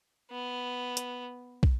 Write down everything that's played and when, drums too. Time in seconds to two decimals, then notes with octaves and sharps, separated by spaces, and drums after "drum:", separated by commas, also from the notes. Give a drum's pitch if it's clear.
0.31 B3
0.97 drum: hi-hat
1.63 drum: kick